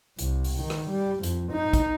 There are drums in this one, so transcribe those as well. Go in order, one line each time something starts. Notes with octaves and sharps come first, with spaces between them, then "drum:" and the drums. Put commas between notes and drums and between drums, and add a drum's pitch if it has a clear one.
C2, drum: hi-hat
drum: open hi-hat
D#3
drum: rim click
G3
F2, drum: hi-hat
D#4
drum: kick G#1, hi-hat